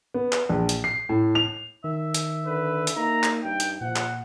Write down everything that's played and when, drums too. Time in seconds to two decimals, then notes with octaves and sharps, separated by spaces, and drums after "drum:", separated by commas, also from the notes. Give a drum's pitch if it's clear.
0.14 B3
0.33 drum: clap
0.50 A#1
0.69 drum: hi-hat
0.84 C7
1.09 A2
1.35 F7
1.84 D#3 E5
2.14 drum: hi-hat
2.46 D3 B4
2.87 drum: hi-hat
2.96 A#3 D#4 A#5
3.24 drum: clap
3.44 G2 G5
3.60 drum: hi-hat
3.81 A#2 F3 F#5
3.96 drum: clap